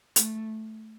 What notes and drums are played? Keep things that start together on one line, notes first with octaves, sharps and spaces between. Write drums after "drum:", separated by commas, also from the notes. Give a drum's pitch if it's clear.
A3, drum: hi-hat